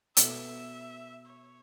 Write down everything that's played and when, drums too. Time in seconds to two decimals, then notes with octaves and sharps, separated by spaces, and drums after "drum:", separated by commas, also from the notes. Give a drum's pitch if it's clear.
0.17 B2 B3 F#4 A4 E5, drum: hi-hat
1.26 C#5